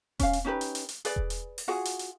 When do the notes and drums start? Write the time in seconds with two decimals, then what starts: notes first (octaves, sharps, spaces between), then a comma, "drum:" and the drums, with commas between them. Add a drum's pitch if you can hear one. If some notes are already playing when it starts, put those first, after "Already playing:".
0.19 C#4 F5, drum: kick E1, hi-hat
0.33 drum: hi-hat
0.44 C#4 D#4 G4 B4
0.61 drum: hi-hat
0.75 drum: hi-hat
0.89 drum: hi-hat
1.05 G#4 B4 D5, drum: hi-hat
1.16 drum: kick E1
1.30 drum: hi-hat
1.58 drum: open hi-hat
1.68 F4 F#4 G#4 F#5
1.85 drum: hi-hat
1.99 drum: hi-hat